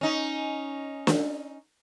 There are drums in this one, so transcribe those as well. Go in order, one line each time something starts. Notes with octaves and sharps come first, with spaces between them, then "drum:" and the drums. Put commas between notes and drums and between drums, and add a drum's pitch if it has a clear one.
C#4 D#4
drum: snare